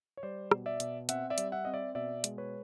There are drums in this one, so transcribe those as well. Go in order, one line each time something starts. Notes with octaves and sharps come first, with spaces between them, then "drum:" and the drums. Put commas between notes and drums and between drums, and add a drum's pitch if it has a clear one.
C#5
G3 C5 D5
B2, drum: rim click
D5 E5
B2, drum: hi-hat
C4 E5 F#5, drum: hi-hat
D5 E5
G3, drum: hi-hat
E5 F#5
C4 D#5
D5 E5
B2 D5 E5
G#3, drum: hi-hat
B4 C#5